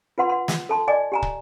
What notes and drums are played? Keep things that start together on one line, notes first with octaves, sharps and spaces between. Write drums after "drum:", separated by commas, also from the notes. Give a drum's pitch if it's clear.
F4 B4 F#5 C6
F#5 C6
drum: snare
A4 A5 C6
D5 D#5 G#5 D6
G4 G#5 A#5
drum: kick